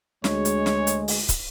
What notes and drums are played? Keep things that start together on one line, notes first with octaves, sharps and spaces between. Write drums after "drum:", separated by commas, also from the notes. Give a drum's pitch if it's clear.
D2 G#3 C#5, drum: snare
drum: hi-hat
drum: snare
drum: hi-hat
drum: open hi-hat
drum: kick, hi-hat